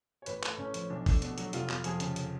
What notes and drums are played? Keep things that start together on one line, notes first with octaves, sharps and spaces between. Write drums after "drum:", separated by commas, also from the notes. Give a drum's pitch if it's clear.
C#5
A1 B4, drum: hi-hat
A3, drum: clap
A2 C#4
F3, drum: hi-hat
B1 D4
A3 D4, drum: kick A1, open hi-hat
B2 D4, drum: hi-hat
F#3, drum: hi-hat
F1 F4, drum: hi-hat
F1, drum: clap
F2 G#4, drum: hi-hat
C#3, drum: hi-hat
drum: hi-hat